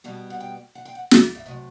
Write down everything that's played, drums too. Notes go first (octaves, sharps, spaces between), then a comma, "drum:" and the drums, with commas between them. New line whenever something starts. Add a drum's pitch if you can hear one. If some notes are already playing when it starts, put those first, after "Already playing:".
B2 G3 B3 A5
F#5
G5
F#5
G5
F#5
E5, drum: snare
E5
C3 F#3 A3 D#5